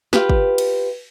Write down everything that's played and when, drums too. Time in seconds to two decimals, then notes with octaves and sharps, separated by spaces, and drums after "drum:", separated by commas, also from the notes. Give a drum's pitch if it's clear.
0.13 F4 G4 B4, drum: snare
0.30 drum: kick
0.58 drum: cymbal